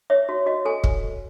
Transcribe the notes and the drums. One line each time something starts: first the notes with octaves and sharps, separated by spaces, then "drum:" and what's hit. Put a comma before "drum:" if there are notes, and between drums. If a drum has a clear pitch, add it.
C#5 E5
F#4
F#4 D#5
A4 G#5
drum: kick